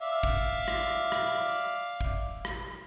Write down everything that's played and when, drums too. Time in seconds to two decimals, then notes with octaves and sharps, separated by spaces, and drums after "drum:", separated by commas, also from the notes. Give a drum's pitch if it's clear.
0.01 D5 E5 F5
0.23 drum: kick
0.68 drum: rim click
1.12 drum: rim click
2.01 drum: kick
2.45 drum: rim click